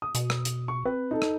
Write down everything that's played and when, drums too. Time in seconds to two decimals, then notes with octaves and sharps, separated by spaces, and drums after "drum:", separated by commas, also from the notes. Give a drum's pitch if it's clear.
0.02 D#6
0.15 B2, drum: hi-hat
0.30 drum: rim click
0.45 drum: hi-hat
0.68 C#6
0.85 C4 B4
1.11 D#4 A4
1.22 drum: rim click